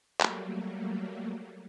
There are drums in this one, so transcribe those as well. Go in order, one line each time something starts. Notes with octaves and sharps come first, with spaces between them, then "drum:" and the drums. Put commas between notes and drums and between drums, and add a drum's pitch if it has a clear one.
F#3 G3 A3 A#3, drum: clap